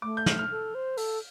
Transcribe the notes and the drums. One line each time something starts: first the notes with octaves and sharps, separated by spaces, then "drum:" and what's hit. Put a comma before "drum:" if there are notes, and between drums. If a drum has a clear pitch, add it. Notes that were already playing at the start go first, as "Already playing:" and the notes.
A3 D6
G6
F6, drum: snare
F6
A4
C5
A4, drum: open hi-hat